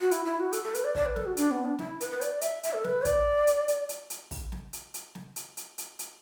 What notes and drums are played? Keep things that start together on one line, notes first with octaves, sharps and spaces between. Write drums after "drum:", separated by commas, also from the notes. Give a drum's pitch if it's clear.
F#4
E4, drum: hi-hat
E4
F#4
A4, drum: hi-hat
A4
B4, drum: hi-hat
D5
D5, drum: kick
B4
A4, drum: snare
F#4
D4, drum: hi-hat
B3
D4
E4, drum: snare
B4, drum: hi-hat
B4
D5, drum: hi-hat
E5, drum: hi-hat
E5, drum: hi-hat
A4
B4, drum: snare
D5, drum: kick, hi-hat
drum: hi-hat
drum: hi-hat
drum: hi-hat
drum: hi-hat
drum: kick, open hi-hat
drum: snare
drum: hi-hat
drum: hi-hat
drum: snare
drum: hi-hat
drum: hi-hat
drum: hi-hat
drum: hi-hat